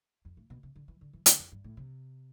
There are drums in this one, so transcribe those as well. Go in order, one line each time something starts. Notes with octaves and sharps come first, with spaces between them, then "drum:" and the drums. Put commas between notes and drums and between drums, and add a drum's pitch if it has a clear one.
F2
A2
B2
C3
D3
E3
D3
E3
D3, drum: hi-hat
F2
G2
A2
C3